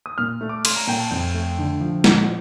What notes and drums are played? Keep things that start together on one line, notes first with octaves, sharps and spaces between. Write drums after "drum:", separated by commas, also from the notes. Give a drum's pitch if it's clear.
D#6
A#2 F6
A3
D6
A3 C6, drum: cymbal
A#5
A#2 G5
A5
F2 G5
A3
D3
F3
A#2, drum: snare